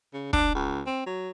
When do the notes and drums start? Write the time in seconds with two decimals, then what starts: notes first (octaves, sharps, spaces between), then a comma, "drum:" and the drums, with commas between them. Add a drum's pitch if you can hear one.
0.13 C#3
0.33 D4, drum: kick
0.54 C#2
0.86 C4
1.06 F#3